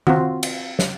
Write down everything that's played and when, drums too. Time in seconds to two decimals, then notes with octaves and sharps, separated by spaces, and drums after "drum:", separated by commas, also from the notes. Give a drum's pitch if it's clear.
0.07 C4 F4 F#4, drum: tom D#3
0.43 drum: cymbal
0.79 drum: snare